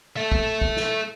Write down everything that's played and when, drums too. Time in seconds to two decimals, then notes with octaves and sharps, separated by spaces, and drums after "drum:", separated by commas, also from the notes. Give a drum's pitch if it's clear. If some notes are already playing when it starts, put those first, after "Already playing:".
0.17 A4 E5
0.32 drum: kick
0.61 drum: kick
0.76 drum: snare